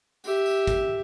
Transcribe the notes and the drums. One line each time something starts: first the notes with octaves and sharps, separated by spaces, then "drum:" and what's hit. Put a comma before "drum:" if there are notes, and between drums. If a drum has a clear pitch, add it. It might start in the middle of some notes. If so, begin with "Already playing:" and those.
G4 E5, drum: tambourine
drum: tambourine
drum: kick, tambourine